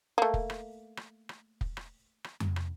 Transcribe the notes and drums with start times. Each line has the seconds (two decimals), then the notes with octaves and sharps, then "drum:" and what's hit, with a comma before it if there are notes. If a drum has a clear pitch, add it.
0.18 A3 A#3
0.34 drum: kick
0.50 drum: rim click
0.97 drum: rim click
1.29 drum: rim click
1.61 drum: kick
1.77 drum: rim click
2.24 drum: rim click
2.40 drum: tom F2
2.56 drum: rim click